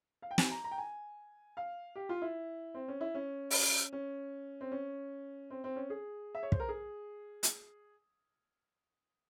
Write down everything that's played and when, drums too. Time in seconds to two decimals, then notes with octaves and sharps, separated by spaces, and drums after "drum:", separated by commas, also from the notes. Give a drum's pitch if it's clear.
0.22 F5
0.31 G5
0.38 G#5, drum: snare
0.51 A#5
0.64 A#5
0.71 G5
0.78 G#5
1.57 F5
1.96 G4
2.09 F4
2.22 E4
2.74 C4
2.88 C#4
3.01 E4
3.15 C#4
3.51 drum: open hi-hat
3.93 C#4
4.61 C4
4.72 C#4
5.50 C4
5.64 C4
5.76 C#4
5.90 G#4
6.35 E5
6.43 C#5
6.52 C5, drum: kick
6.60 A#4
6.69 G#4
7.43 drum: hi-hat